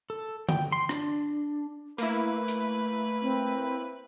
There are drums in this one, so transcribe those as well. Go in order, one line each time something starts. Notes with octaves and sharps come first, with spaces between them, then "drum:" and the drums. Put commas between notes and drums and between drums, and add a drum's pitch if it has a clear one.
A4
G5, drum: tom D3
C6
D4, drum: rim click
A3 A#3 E4 B4, drum: hi-hat
drum: hi-hat
C4